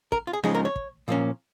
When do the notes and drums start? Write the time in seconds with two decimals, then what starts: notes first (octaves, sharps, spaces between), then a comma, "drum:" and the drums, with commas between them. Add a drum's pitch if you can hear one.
0.12 A#4, drum: kick
0.27 F4
0.33 G#4
0.43 C#2 C#3 F3 G#3 D#4 G#4, drum: snare B3
0.55 A#4
0.65 C#5
0.76 drum: kick
1.08 A#2 F3 A#3 C#4